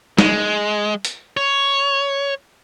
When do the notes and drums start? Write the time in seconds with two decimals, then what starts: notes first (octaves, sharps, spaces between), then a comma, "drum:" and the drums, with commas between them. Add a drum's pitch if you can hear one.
0.18 G#3, drum: snare
1.05 drum: hi-hat
1.37 C#5